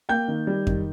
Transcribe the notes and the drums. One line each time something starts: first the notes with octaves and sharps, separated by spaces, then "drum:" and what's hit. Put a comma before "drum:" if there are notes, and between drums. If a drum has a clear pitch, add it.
A#3 G5 G6
D#3
G3
D#3, drum: kick F2